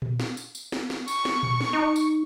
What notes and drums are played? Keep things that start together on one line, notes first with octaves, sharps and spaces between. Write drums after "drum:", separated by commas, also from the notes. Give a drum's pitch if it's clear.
drum: tom A#2
drum: snare
drum: tambourine
drum: tambourine
drum: snare
drum: snare
C#6, drum: tambourine
drum: snare
drum: tom A#2
drum: snare
D#4
drum: tambourine